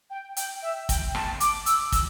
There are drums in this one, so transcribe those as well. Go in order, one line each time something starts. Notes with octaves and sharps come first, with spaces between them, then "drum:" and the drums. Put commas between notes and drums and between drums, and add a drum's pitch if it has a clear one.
G5
G5, drum: hi-hat
E5
G5, drum: kick, hi-hat
A5, drum: rim click
D6, drum: hi-hat
E6, drum: hi-hat
E6, drum: kick, hi-hat